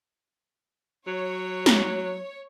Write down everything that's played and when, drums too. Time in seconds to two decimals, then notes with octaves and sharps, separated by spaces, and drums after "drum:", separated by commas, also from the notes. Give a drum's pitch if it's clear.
1.07 F#3 C#5
1.66 drum: snare